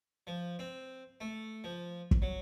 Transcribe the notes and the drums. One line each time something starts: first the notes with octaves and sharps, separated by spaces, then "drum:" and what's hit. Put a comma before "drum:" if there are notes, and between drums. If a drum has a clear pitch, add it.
F3
C4
A3
F3
drum: kick
F#3